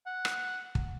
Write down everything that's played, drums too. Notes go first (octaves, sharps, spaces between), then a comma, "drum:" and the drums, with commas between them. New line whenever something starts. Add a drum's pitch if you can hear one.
F#5
drum: rim click
drum: kick